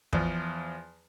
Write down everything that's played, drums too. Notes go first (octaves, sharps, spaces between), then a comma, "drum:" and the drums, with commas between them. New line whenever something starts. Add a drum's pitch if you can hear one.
E2 F3, drum: kick